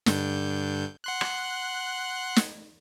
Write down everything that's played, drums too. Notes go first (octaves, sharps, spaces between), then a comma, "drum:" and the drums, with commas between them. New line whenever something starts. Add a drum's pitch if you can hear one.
G2 D3 G6, drum: snare
F#5 C6 F#6
drum: rim click
drum: snare